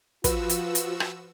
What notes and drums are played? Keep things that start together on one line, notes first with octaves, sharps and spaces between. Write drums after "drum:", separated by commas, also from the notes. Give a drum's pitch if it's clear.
F3 F4 F#4 B4 E6, drum: kick, hi-hat
drum: hi-hat
drum: hi-hat
drum: rim click